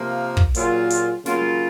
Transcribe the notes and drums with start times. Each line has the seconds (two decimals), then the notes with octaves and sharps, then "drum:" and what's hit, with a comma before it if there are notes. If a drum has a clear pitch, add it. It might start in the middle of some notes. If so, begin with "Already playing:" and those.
Already playing: C3 F3 A#3
0.37 drum: kick
0.55 A#2 F#3 A#3 F4 G#4, drum: hi-hat
0.90 drum: hi-hat
1.26 C#3 F#3 A#3 F4, drum: snare